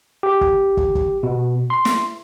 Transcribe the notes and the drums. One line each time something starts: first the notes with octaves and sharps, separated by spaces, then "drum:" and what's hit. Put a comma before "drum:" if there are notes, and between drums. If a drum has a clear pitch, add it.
G4
drum: kick
drum: kick
drum: kick
B2
C6
drum: snare